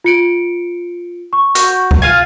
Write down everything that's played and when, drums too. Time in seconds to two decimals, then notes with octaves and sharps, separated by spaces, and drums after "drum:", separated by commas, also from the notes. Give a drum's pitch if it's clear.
0.04 F4 C#7 D7
1.33 C#6
1.55 F#4 G6, drum: hi-hat
1.91 drum: kick C#2
2.02 F4 F5 G#5